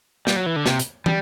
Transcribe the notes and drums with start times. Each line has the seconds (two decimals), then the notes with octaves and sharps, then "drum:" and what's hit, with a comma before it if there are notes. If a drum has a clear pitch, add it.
0.27 G3, drum: snare
0.36 F#3
0.46 E3
0.56 D3
0.66 C3, drum: snare
0.79 drum: hi-hat
1.06 G3, drum: tom